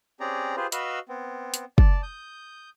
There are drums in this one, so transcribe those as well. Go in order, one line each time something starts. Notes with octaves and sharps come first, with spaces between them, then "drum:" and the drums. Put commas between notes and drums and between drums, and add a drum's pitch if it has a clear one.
C4 C#4 G4 G#4 D5 A#5
F4 G4 G#4 B4 C5
F#4 B4 D#5 F5 B5 E6, drum: hi-hat
B3 C4
drum: hi-hat
D5 A5, drum: kick
D#6 G6